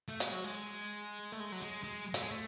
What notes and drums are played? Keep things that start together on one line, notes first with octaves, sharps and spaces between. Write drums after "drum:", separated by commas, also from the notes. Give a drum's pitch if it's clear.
A3
G#3, drum: hi-hat
F#3
G#3
A3
G#3
F#3
G#3
G#3
A3, drum: hi-hat
G#3
A3